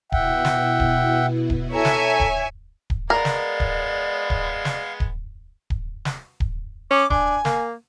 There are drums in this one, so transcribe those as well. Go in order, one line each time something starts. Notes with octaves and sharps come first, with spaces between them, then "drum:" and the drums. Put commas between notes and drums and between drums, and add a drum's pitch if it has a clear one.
B2 B3 E4 E5 F#5 G5, drum: kick D1
drum: snare
drum: kick D1
drum: kick D1
A4 C#5 E5 G#5 A#5
drum: snare
drum: kick D1
drum: kick D1
G#3 B3 A#4 D5 F5
drum: snare
drum: kick D1
drum: kick D1
drum: snare
drum: kick D1
drum: kick D1
drum: snare
drum: kick D1
C#4 D6
D4 G#5, drum: kick D1
A#3, drum: snare